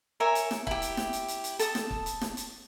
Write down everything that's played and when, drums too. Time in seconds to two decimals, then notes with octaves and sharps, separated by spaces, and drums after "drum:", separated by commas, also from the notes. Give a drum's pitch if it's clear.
0.20 A#4 C#5 E5 G#5
0.35 drum: hi-hat
0.51 drum: snare
0.67 E4 G4, drum: kick
0.82 drum: hi-hat
0.97 drum: snare
1.13 drum: hi-hat
1.28 drum: hi-hat
1.44 drum: hi-hat
1.59 A4 A5 D#6, drum: hi-hat
1.75 drum: snare
1.90 drum: kick
2.06 drum: hi-hat
2.21 drum: snare
2.37 drum: hi-hat